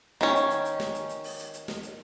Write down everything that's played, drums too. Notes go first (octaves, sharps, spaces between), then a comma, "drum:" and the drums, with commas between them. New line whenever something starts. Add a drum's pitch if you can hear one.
D#3 C#4, drum: snare
drum: hi-hat
drum: hi-hat
drum: hi-hat
drum: snare
drum: hi-hat
drum: hi-hat
drum: open hi-hat
drum: hi-hat
drum: hi-hat
drum: snare
drum: hi-hat